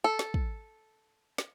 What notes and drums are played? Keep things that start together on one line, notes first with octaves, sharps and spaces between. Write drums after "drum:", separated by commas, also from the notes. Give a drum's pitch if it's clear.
A4
drum: snare
drum: kick
drum: snare